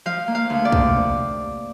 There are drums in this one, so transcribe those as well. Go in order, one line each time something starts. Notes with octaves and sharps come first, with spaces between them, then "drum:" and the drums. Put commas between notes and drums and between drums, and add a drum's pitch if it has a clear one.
F3 F5
A#3
F5
D2
D5
C3, drum: kick